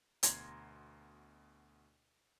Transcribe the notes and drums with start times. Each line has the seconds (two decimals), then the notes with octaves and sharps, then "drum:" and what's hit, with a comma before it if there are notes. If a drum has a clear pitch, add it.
0.23 D2 B2 A#5 C6 G#6 A#6, drum: hi-hat